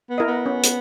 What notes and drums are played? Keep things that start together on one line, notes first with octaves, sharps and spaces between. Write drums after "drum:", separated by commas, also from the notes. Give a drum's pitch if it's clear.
B3
E4 A#4 D#5
B3
C#4
drum: hi-hat